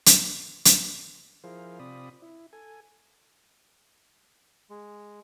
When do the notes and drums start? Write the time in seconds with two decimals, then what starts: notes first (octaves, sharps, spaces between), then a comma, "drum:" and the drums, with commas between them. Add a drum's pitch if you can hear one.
0.06 drum: hi-hat
0.65 drum: hi-hat
1.44 F3 E4 G#4 A#4 C5 F5
1.79 C3 C4 F4 D5 B5 D#6
2.22 E4
2.53 A4 G#5
4.70 G#3